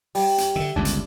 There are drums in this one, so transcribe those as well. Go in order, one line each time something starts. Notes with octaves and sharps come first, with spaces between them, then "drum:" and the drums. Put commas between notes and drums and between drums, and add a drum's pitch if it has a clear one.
G3, drum: open hi-hat
drum: hi-hat
D3 D#3 E5
G1 C#2 G2 D4
drum: hi-hat